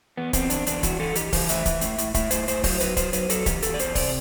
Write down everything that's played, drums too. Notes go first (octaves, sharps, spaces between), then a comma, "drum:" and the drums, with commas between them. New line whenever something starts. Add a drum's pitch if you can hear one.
E2 B3
E2 C4, drum: kick, hi-hat
E2 D4, drum: hi-hat
E2 D4, drum: hi-hat
E3 F#4, drum: kick, hi-hat
E3 A4
E3 G4, drum: hi-hat
E3 C5, drum: kick, open hi-hat
A2 E5, drum: hi-hat
E3, drum: kick, hi-hat
A2, drum: hi-hat
A2, drum: hi-hat
A2 E5, drum: kick, hi-hat
A2 C5, drum: hi-hat
A2 C5, drum: hi-hat
F#3 C5, drum: kick, open hi-hat
F#3 B4, drum: hi-hat
F#3 C5, drum: kick, hi-hat
F#3 B4, drum: hi-hat
F#3 A4, drum: hi-hat
E3 G4, drum: kick, hi-hat
E2 A4, drum: hi-hat
D5
E2 C5, drum: hi-hat
C3 D5, drum: kick, open hi-hat